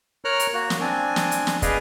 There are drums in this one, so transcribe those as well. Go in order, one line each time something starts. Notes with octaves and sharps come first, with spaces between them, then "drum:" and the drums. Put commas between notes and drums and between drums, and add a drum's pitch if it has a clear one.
A#4 C#5 A#5 F6 F#6
drum: hi-hat
A#3 F#4
drum: snare
C4 D4 G#5
drum: snare
drum: hi-hat
drum: snare
G#4 B4 D5 D#5 F5 G#5, drum: kick, hi-hat